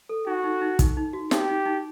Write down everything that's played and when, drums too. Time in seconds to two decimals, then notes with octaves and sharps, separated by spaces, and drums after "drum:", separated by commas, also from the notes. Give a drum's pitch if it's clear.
0.09 A4
0.27 D#4 F#4
0.44 D#4
0.62 D#4
0.79 D#4, drum: kick, hi-hat
0.97 D#4
1.13 F#4
1.31 D#4 G4, drum: snare
1.49 D#4
1.66 D#4